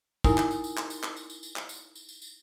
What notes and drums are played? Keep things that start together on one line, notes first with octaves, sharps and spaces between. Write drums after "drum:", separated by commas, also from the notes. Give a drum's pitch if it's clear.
D#4 E4 G4 A#4 G#5 D#6, drum: kick, tambourine
drum: clap
drum: tambourine
drum: tambourine
drum: clap
drum: tambourine
drum: clap
drum: tambourine
drum: tambourine
drum: tambourine
drum: clap
drum: tambourine
drum: tambourine
drum: tambourine
drum: tambourine